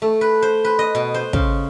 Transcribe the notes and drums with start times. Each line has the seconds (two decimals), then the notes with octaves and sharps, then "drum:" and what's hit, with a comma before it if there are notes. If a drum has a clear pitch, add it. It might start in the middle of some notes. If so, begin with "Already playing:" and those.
0.02 A3
0.21 B4
0.42 C5
0.64 B4
0.79 D#5
0.95 B2
1.14 C5
1.33 C#3, drum: kick